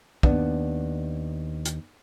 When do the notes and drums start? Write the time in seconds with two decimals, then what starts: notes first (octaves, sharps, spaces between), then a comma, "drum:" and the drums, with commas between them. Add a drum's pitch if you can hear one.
0.23 D#2 B3 D4, drum: kick
1.65 drum: hi-hat